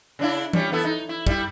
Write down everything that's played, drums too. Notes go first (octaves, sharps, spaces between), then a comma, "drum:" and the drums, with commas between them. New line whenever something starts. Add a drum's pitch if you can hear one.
C#3 D4 E4
G3 C#4, drum: tom E3
B3 E4 A4
D#4
E4
G3 E4, drum: kick